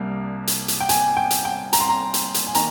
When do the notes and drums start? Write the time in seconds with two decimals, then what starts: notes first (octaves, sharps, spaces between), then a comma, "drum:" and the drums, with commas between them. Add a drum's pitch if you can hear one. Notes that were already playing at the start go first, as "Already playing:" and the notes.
Already playing: C2 C3 G3 A#3
0.47 drum: hi-hat
0.68 drum: hi-hat
0.80 G5
0.89 G#5, drum: hi-hat
1.17 G5
1.31 drum: hi-hat
1.45 G5
1.73 A#5, drum: hi-hat
1.80 C6
1.89 A#5
2.14 drum: hi-hat
2.34 drum: hi-hat
2.47 G#5
2.55 D#3 A#3 A#5, drum: hi-hat